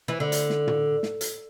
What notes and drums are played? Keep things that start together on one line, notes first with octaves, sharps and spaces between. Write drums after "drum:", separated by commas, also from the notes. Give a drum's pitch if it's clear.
E3
D3
drum: hi-hat
drum: snare
drum: tom
drum: snare
drum: hi-hat